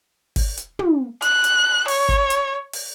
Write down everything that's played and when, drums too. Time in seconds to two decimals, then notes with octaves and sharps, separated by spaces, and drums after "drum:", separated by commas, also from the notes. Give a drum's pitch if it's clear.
0.36 drum: kick G#1, open hi-hat
0.57 drum: hi-hat
0.79 drum: tom
1.22 F#6, drum: hi-hat
1.44 drum: hi-hat
1.88 C#5, drum: open hi-hat
2.09 drum: kick G#1
2.30 drum: hi-hat
2.73 drum: open hi-hat